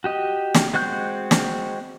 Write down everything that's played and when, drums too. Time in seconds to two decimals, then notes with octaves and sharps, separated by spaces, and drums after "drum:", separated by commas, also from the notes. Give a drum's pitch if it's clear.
0.04 F#4 G4 D#5
0.54 drum: snare
0.73 G#3 C4 F#4 F#6 G6
1.31 drum: snare